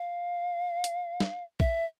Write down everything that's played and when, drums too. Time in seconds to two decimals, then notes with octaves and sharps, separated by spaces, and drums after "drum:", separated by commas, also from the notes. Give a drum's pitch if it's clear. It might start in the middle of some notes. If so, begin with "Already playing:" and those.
Already playing: F5
0.84 drum: hi-hat
1.20 drum: snare
1.60 E5, drum: kick